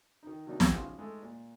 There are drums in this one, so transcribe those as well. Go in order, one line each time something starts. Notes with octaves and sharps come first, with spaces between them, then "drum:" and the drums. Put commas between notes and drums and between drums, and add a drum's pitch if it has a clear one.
D#3 D#4
C3 F#3 A#3 D4 D#4
E2 G3 D#4 G4 C5 F#5, drum: snare
B1 C#3 F3 C6
G#2 G#3 A3
A#2